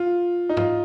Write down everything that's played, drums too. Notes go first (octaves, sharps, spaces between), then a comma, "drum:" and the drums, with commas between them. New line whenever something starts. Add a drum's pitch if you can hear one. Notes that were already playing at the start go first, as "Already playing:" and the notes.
Already playing: F4
D#4
F4, drum: tom G#2